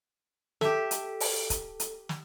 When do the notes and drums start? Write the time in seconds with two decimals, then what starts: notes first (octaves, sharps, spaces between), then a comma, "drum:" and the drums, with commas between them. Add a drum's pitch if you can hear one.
0.61 G4 A4 E5, drum: snare
0.91 drum: hi-hat
1.20 drum: open hi-hat
1.50 drum: kick, hi-hat
1.80 drum: hi-hat
2.09 drum: snare